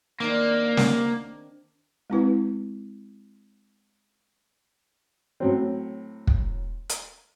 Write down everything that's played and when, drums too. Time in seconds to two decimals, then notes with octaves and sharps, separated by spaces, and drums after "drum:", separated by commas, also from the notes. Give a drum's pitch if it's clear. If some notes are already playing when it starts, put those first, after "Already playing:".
0.20 D#3 A#3 C4 D4
0.77 drum: snare
2.10 G#3 C4 E4 B4
5.40 A2 F#3 C4
6.27 drum: kick
6.90 drum: hi-hat